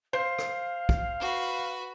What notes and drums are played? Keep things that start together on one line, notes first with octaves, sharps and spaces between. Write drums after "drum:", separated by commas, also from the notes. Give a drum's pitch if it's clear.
C5 F5
drum: rim click
drum: kick
F#4 B4